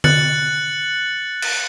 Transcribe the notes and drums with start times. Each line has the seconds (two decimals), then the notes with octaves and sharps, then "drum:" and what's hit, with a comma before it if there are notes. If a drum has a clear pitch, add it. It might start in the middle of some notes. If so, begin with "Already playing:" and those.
0.04 F#6 A6 C#7 F#7, drum: tom D3
1.42 drum: cymbal